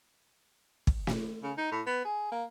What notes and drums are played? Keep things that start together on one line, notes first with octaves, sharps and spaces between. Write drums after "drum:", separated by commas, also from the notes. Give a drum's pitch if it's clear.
drum: kick
drum: snare
C#3
D#4
A2
B3
G#4
A#3